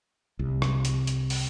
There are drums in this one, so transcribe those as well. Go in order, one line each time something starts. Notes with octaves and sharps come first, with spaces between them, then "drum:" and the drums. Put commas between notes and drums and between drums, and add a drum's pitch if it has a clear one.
C2
drum: rim click
drum: hi-hat
drum: hi-hat
drum: open hi-hat